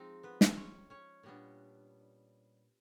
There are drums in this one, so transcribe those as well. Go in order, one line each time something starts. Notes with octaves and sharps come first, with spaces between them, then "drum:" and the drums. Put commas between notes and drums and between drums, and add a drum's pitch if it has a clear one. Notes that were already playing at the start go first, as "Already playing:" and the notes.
Already playing: F3 G#3 C4 D#4
B3 B4
C4 C5, drum: snare
C#4 C#5
C#4 C#5
A#2 G3 B3 D4